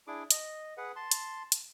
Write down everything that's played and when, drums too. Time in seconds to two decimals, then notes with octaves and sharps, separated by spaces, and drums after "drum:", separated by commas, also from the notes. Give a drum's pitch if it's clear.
0.07 D4 E4 G#4 D6
0.31 D#5, drum: hi-hat
0.77 G#4 B4 F#5
0.96 A5 C6
1.11 drum: hi-hat
1.52 drum: hi-hat